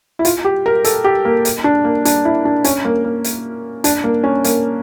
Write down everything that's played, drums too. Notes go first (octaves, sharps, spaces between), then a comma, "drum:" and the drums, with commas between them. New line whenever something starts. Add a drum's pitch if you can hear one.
E4
F4, drum: hi-hat
G4
A#4
A4, drum: hi-hat
G4
A#3
drum: hi-hat
D4
A#3
D4, drum: hi-hat
E4
D4
C#4, drum: hi-hat
A#3
A#3
drum: hi-hat
D4, drum: hi-hat
A#3
C#4
A#3, drum: hi-hat